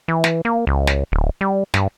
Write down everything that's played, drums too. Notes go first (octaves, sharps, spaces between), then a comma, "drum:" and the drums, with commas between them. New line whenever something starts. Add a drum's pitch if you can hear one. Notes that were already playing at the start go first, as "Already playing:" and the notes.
E3
drum: snare
A#3
C#2
drum: snare
D1
G3
G2, drum: snare